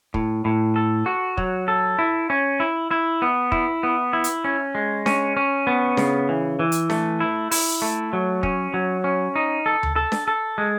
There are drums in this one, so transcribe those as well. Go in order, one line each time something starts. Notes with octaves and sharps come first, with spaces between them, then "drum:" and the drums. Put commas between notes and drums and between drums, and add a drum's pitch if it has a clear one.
A2, drum: kick
A2
A4
F#4
F#3, drum: kick
A4
E4
C#4
E4
E4
B3
E4, drum: kick
B3
E4
drum: hi-hat
C#4
G#3
C#4, drum: snare D4
C#4
B3
C#3, drum: snare D4
E3
E3
drum: hi-hat
A3, drum: snare D4
E4
E4, drum: open hi-hat
A3
F#3
C#4, drum: kick
F#3
C#4
D#4
A4
drum: tom D2
A4
drum: snare D4
A4
G#3